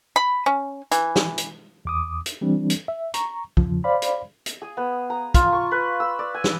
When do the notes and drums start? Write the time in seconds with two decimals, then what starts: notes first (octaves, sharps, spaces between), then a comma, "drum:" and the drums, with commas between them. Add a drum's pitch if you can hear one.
0.16 B5
0.46 C#4
0.92 E3, drum: hi-hat
1.16 drum: snare
1.38 drum: hi-hat
1.85 E2 D6 D#6
2.26 drum: hi-hat
2.41 E3 G3 C4 D4
2.70 drum: hi-hat
2.88 E5
3.14 A#5 C#6, drum: hi-hat
3.57 E2 C#3 F3, drum: kick
3.84 C5 D5 F5 B5
4.02 drum: hi-hat
4.46 drum: hi-hat
4.62 G#4
4.77 B3
5.10 A#5
5.34 F4, drum: kick, hi-hat
5.53 C#6
5.71 B4
6.00 E6
6.19 D5
6.34 G#5
6.44 drum: snare